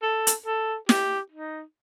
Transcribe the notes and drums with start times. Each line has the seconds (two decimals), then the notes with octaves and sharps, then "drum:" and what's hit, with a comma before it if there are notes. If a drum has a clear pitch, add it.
0.02 A4
0.27 drum: hi-hat
0.46 A4
0.89 G4, drum: snare
1.32 D#4